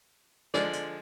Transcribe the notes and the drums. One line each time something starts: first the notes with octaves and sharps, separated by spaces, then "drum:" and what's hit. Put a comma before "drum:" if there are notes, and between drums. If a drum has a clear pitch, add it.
D3 F3 G#3 D5, drum: snare
drum: hi-hat